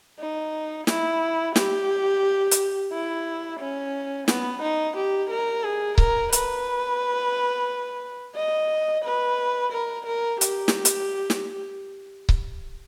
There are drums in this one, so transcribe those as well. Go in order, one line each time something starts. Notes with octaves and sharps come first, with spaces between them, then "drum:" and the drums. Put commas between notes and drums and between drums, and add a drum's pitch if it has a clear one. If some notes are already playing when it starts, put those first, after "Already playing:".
D#4
E4, drum: snare
G4, drum: snare
drum: hi-hat
E4
C#4
B3, drum: snare
D#4
G4
A#4
G#4
A#4, drum: kick C#1
B4, drum: hi-hat
D#5
B4
A#4
A#4
G4, drum: hi-hat
drum: snare
drum: hi-hat
drum: snare
drum: kick C#1